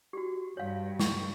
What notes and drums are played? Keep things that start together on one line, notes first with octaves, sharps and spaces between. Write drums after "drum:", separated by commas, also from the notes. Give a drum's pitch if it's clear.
F#4 G4
G2 C#5 F5
C#6, drum: snare